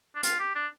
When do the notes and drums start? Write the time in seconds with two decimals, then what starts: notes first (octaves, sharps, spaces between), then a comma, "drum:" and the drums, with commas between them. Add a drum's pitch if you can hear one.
0.15 D4
0.23 F4, drum: hi-hat
0.39 G4
0.55 D4